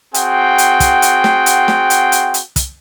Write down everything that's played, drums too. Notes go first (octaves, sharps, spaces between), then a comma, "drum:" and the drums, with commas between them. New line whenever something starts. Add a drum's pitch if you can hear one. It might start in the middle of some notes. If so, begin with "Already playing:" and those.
C4 F#4 G#4 F#5 G5, drum: hi-hat
drum: hi-hat
drum: kick, hi-hat
drum: hi-hat
drum: snare
drum: hi-hat
drum: snare
drum: hi-hat
drum: hi-hat
drum: hi-hat
drum: kick, hi-hat